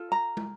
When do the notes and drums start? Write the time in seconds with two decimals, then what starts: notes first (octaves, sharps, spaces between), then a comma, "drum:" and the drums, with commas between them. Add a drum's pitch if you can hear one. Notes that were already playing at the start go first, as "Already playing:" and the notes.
Already playing: F4 A4
0.12 A#5
0.37 drum: tom